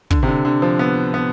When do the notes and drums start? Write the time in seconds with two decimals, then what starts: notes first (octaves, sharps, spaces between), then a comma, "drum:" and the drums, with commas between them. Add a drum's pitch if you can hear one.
0.10 D3, drum: kick
0.23 C3
0.27 D3
0.45 D3
0.62 F3
0.79 B3
1.14 B3